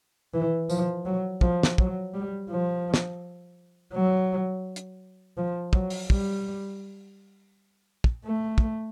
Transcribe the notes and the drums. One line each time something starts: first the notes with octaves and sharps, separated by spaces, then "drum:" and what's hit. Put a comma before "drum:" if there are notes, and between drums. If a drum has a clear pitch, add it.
E3
F3, drum: tambourine
F#3
F3, drum: kick
drum: snare
F#3, drum: kick
G3
F3
drum: snare
F#3
drum: hi-hat
F3
F#3, drum: kick
drum: open hi-hat
G3, drum: kick
drum: kick
A3
drum: kick